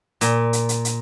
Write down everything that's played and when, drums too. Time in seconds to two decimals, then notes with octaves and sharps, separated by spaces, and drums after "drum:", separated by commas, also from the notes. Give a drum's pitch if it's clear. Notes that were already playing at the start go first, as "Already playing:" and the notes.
0.21 A#2, drum: hi-hat
0.53 drum: hi-hat
0.69 drum: hi-hat
0.85 drum: hi-hat